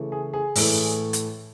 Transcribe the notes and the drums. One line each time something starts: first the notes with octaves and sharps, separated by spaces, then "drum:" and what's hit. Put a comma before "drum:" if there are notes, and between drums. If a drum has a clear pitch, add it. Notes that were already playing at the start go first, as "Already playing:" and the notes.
Already playing: C#3 E3 A3
G#4
G#4
A2 E3 A3, drum: open hi-hat
drum: hi-hat